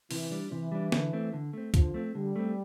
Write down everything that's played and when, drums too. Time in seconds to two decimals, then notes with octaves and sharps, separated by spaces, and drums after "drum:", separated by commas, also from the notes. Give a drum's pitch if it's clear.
0.11 C3 E3, drum: open hi-hat
0.31 G3 D4
0.51 C3 E3
0.72 G3 D4
0.92 D3, drum: snare
1.13 A3 C4
1.33 D3
1.53 A3 C4
1.74 D3 F3, drum: kick C#2, hi-hat
1.94 A3 C4
2.14 D3 G3
2.36 A3 C4